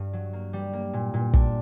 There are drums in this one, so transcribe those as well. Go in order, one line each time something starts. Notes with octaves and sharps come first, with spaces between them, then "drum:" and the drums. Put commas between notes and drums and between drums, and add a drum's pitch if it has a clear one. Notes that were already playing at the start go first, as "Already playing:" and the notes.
Already playing: G2
F#3
A#3
G3
A#3
A#2
A#2
D4, drum: kick